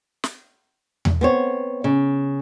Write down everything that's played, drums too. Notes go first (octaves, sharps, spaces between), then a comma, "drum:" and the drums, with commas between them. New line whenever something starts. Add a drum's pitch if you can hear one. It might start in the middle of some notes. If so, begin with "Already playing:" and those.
drum: snare
drum: tom E2
B3 C4 C#5
C#3